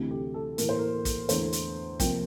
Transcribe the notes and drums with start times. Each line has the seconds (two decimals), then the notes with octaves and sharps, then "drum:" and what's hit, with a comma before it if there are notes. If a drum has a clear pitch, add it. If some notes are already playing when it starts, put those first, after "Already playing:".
Already playing: D2 C3 E3 A3 C4 G4
0.11 G4
0.34 A4
0.58 A2 E3 A#3 A#4, drum: hi-hat
0.69 C5
0.79 A#4
1.05 drum: kick, hi-hat
1.29 E2 D3 A3 C5, drum: hi-hat
1.53 drum: hi-hat
2.00 C3 F3 A#3 G5, drum: kick, hi-hat